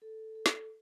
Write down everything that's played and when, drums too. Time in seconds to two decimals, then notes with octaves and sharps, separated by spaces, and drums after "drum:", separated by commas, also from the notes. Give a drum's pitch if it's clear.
0.02 A4
0.35 A4
0.46 drum: snare